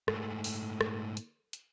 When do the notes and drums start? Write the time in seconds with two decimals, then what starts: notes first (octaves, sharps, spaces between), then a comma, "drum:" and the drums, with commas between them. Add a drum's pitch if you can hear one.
0.08 G#2 A3, drum: rim click
0.44 drum: open hi-hat
0.81 drum: rim click
1.17 drum: hi-hat
1.53 drum: hi-hat